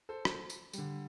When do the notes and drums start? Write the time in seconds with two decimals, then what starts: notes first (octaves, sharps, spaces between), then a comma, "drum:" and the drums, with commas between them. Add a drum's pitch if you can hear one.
0.09 A4 C5
0.25 drum: rim click
0.50 drum: tambourine
0.73 D3 G3, drum: tambourine